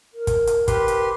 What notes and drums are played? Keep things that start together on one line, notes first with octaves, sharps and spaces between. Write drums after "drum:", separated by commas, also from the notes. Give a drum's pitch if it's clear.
A#4
drum: kick, hi-hat
drum: hi-hat
G4 B4 C6, drum: kick, hi-hat
drum: hi-hat